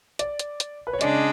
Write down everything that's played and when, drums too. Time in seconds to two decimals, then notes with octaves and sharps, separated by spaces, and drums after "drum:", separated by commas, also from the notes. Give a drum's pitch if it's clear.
0.19 D5, drum: hi-hat
0.39 drum: hi-hat
0.60 drum: hi-hat
0.87 B4
0.93 C#5
1.01 C#3 G#3 D4 D5, drum: hi-hat